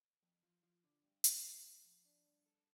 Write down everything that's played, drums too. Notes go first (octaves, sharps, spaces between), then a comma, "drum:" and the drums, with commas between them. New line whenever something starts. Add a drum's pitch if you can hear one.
F2
F3
F3
D3
G2
G2, drum: hi-hat
F4
A2
F3
D4
G2
A4